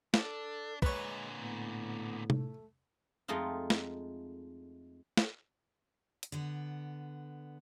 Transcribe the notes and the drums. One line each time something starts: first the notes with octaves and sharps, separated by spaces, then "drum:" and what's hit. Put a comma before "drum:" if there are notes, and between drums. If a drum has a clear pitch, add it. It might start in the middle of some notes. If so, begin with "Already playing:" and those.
D4 A4, drum: snare
A#2 D3 G#3 B4 C#5, drum: kick
A2 B3
A3, drum: tom C3
F2 G#3 A3 D#4 F4
drum: snare
drum: snare
drum: hi-hat
D3 B3